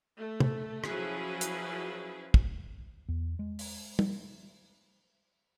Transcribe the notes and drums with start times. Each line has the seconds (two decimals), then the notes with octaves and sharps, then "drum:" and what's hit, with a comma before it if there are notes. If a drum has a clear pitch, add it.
0.16 A3
0.40 drum: tom
0.84 F3 F#3 C#4 E4 G#4 B4, drum: rim click
1.41 drum: hi-hat
2.34 drum: kick
3.08 E2
3.39 G#3
3.59 drum: open hi-hat
3.99 drum: tom